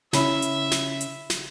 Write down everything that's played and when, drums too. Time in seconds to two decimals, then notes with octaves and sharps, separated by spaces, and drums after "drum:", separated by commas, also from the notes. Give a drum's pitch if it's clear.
0.13 C#3 C#4 E4 E5 B5, drum: snare
0.42 drum: hi-hat
0.71 drum: snare
1.01 drum: hi-hat
1.30 drum: snare